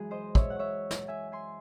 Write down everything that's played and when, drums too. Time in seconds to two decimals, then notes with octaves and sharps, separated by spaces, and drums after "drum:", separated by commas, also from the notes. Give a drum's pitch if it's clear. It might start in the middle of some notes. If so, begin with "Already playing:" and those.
Already playing: F#2 E3 G#3 G#4
0.11 C5 D#5
0.35 C#5 E5, drum: kick
0.50 F#5
0.59 C#5 E5
0.91 drum: snare
1.08 E5 G#5
1.32 G#5 C6